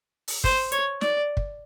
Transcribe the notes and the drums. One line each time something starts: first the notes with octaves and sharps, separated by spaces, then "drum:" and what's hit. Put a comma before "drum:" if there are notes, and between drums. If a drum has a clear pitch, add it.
drum: open hi-hat
C5, drum: kick
C#5, drum: hi-hat
D5, drum: snare
drum: kick